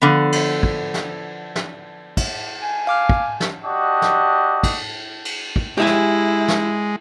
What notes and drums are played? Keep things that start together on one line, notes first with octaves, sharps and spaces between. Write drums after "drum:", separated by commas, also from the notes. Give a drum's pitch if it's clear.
D3 F3 B3
drum: cymbal
drum: kick
drum: snare
drum: snare
drum: kick, cymbal
G#5
F5 D6 F6
drum: kick
drum: snare
D4 F#4 G4 D#5
drum: snare
drum: kick, cymbal
drum: cymbal
drum: kick
G#3 E4 G4 E5 G#5
drum: snare
drum: snare